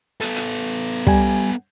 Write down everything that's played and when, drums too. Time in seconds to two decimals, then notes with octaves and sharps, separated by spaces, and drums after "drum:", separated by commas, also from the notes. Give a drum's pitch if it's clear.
0.21 B3 A4, drum: hi-hat
0.35 drum: hi-hat
1.07 G3 G#5, drum: kick